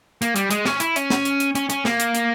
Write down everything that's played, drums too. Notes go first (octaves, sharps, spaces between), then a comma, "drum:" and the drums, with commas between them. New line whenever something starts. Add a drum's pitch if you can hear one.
A#3, drum: hi-hat
G3, drum: hi-hat
G#3, drum: hi-hat
C#4, drum: snare
E4, drum: hi-hat
C#4, drum: hi-hat
drum: snare
drum: hi-hat
drum: hi-hat
C#4, drum: hi-hat
C#4, drum: hi-hat
A#3, drum: snare
drum: hi-hat
drum: hi-hat